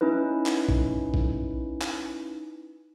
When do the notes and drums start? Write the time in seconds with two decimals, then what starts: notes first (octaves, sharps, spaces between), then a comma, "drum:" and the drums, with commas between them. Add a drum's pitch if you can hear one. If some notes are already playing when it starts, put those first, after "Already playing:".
0.01 C#4 D#4 E4 B4
0.46 drum: clap
0.69 drum: kick
1.14 drum: kick
1.81 drum: clap